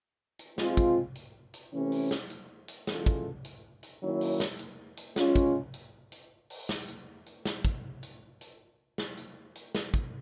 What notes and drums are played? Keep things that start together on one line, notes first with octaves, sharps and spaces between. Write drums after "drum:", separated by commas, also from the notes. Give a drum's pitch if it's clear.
drum: hi-hat
G#3 C4 F4, drum: snare
drum: kick, hi-hat
drum: hi-hat
drum: hi-hat
C3 E3 A3 C#4
drum: open hi-hat
drum: snare
drum: hi-hat
drum: hi-hat
E3 G#3 C#4 F4 A4, drum: snare
drum: kick, hi-hat
drum: hi-hat
drum: hi-hat
D#3 F#3 A#3 C#4 E4
drum: open hi-hat
drum: snare
drum: hi-hat
drum: hi-hat
G#3 C#4 F4, drum: snare
drum: kick, hi-hat
drum: hi-hat
drum: hi-hat
drum: open hi-hat
drum: snare
drum: hi-hat
drum: hi-hat
drum: snare
drum: kick, hi-hat
drum: hi-hat
drum: hi-hat
drum: snare
drum: hi-hat
drum: hi-hat
drum: snare
drum: kick, hi-hat